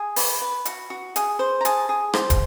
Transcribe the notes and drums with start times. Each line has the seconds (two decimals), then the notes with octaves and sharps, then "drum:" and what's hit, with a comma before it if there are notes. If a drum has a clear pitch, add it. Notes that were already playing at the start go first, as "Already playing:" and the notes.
Already playing: G#4
0.16 B4 B5, drum: open hi-hat
0.41 B4
0.65 F#4, drum: hi-hat
0.90 F#4
1.16 G#4, drum: hi-hat
1.39 C5
1.61 A#5
1.65 G#4 A5, drum: hi-hat
1.89 G#4
2.13 C5, drum: rim click
2.30 drum: kick, hi-hat